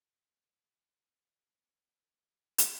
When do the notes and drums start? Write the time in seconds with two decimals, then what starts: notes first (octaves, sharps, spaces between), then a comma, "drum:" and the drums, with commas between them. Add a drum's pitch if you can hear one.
0.61 C5
0.76 G5
1.02 C5
1.31 C#5
1.52 C4
2.02 D#3
2.25 E5
2.58 drum: hi-hat